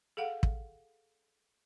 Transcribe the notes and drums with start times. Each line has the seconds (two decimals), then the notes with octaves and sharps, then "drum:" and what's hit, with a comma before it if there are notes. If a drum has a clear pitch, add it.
0.17 G#4 A4 F5 F#5
0.43 drum: kick